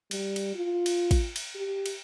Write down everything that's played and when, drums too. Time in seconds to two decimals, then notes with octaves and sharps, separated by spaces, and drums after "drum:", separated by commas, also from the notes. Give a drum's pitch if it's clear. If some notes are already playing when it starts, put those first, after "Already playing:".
0.11 G3, drum: cymbal
0.36 drum: cymbal
0.55 F4
0.86 drum: cymbal
1.11 drum: kick, cymbal
1.36 drum: cymbal
1.55 G4
1.86 drum: cymbal